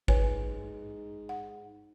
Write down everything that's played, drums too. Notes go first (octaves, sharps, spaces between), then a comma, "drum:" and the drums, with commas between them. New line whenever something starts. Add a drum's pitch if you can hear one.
G#2 B4 C#5 G#5, drum: kick G#1
F#5